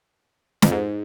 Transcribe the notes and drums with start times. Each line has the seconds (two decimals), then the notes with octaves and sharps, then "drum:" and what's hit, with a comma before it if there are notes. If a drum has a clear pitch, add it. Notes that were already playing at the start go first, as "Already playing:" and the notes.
0.62 F2, drum: snare
0.72 G#2